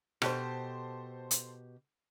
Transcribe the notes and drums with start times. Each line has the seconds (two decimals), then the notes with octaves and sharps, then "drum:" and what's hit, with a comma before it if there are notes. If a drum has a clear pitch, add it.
0.22 B2 G4 A4 C5, drum: rim click
1.31 drum: hi-hat